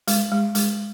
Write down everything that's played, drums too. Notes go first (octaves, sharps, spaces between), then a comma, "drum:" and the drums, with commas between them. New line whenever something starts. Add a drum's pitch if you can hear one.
G#3, drum: hi-hat
G#3
G#3, drum: hi-hat